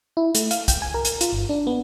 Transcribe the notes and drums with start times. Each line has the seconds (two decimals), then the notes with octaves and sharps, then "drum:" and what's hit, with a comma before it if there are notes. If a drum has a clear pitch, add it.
0.17 E4
0.35 A3, drum: hi-hat
0.51 F5, drum: hi-hat
0.68 G5, drum: kick, hi-hat
0.82 G#5
0.94 A#4
1.05 drum: hi-hat
1.21 F4, drum: hi-hat
1.33 G1
1.49 D4
1.67 B3